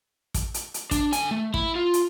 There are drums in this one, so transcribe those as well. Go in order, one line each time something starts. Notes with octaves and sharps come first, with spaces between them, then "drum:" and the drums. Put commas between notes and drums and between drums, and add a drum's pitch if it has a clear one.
drum: kick, hi-hat
drum: hi-hat
drum: hi-hat
D4, drum: kick, hi-hat
D3 G#5, drum: hi-hat
A3
E4, drum: kick
F4
drum: hi-hat